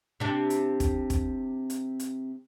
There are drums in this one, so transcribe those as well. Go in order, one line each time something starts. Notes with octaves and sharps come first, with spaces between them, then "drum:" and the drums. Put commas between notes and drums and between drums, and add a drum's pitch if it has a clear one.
C3 D4
drum: hi-hat
drum: kick, hi-hat
drum: kick, hi-hat
drum: hi-hat
drum: hi-hat